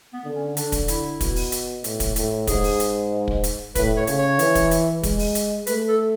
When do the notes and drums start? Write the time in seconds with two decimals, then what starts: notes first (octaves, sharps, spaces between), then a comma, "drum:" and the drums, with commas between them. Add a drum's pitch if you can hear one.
0.13 B3
0.25 D3
0.36 C#4
0.57 D3 D4, drum: hi-hat
0.72 drum: kick, hi-hat
0.88 E4, drum: hi-hat
1.21 B2, drum: kick, hi-hat
1.36 drum: open hi-hat
1.52 drum: hi-hat
1.84 A2, drum: hi-hat
2.00 drum: kick, hi-hat
2.16 A2, drum: hi-hat
2.47 G#2 G#4, drum: kick, hi-hat
2.64 drum: open hi-hat
2.80 drum: hi-hat
3.28 drum: kick
3.44 drum: hi-hat
3.75 A2 B4, drum: kick, hi-hat
3.97 C#5
4.07 C#3, drum: hi-hat
4.19 C#5
4.39 E3, drum: hi-hat
4.55 drum: kick, hi-hat
4.71 drum: hi-hat
5.03 G#3, drum: kick, hi-hat
5.19 drum: open hi-hat
5.35 drum: hi-hat
5.67 A3 B4, drum: hi-hat
5.88 A4